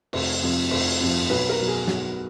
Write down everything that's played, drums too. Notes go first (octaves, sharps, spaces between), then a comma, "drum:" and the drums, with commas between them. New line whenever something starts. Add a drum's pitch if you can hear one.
F1, drum: cymbal
F2 F3
F1, drum: cymbal
F2 F3
B1 B4
A#4
B2 F#3
G#4
B1 F#4, drum: snare